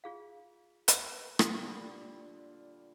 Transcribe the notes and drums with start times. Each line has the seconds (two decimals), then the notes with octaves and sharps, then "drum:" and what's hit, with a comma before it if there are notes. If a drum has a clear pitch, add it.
0.04 F4 G#4 F5
0.88 B4, drum: hi-hat
1.39 F4, drum: rim click
1.60 A#2 D3 G3